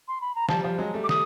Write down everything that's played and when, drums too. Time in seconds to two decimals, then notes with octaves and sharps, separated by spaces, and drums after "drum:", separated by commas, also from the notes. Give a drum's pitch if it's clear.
0.08 C6
0.21 B5
0.35 A#5
0.49 F3 G3 A5, drum: snare
0.64 F3 G3
0.78 F#3 G#3
0.94 G3 A3
1.04 D6
1.09 D#6, drum: snare